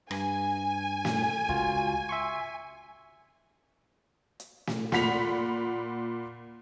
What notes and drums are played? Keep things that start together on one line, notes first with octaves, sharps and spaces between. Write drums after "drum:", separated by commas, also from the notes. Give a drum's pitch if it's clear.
G2 G#5, drum: rim click
drum: snare
C#2 F4 F#4, drum: kick
E5 C6 C#6
drum: hi-hat
drum: snare
A#2 F#5 B5 B6 F7, drum: snare